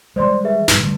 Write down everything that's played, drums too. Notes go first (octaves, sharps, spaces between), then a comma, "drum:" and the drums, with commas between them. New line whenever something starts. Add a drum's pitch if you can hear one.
E3 G3 G#3 C5 D5 C6
G#4 B4 E5
A#1 G2 E3 B4, drum: snare
D3 G3 A3